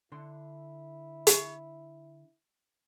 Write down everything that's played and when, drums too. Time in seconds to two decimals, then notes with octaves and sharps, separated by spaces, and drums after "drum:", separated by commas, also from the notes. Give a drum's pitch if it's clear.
0.12 D3 E4 C6
1.27 drum: hi-hat